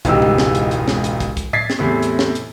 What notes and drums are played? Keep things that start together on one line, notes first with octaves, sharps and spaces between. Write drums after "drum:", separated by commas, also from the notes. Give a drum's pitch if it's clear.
E1 C#2 G#2 D#4 G4 E6, drum: kick, hi-hat
drum: tom G3
drum: snare
drum: hi-hat
drum: hi-hat
drum: snare
drum: hi-hat
drum: kick, hi-hat
drum: kick, hi-hat
G#6 A6 B6 C7, drum: tom A2
drum: snare
E2 A2 C3
drum: hi-hat
drum: snare
drum: hi-hat